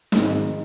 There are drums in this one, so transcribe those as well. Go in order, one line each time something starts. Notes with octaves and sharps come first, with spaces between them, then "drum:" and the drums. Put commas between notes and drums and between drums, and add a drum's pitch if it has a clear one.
G#1 G#2 G#3 D#4, drum: snare